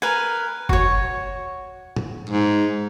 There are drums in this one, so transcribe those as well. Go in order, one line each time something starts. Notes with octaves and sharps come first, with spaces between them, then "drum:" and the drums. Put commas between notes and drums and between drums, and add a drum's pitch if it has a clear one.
A#4 B4 G#5
F#4 C#5, drum: kick
drum: tom
G#2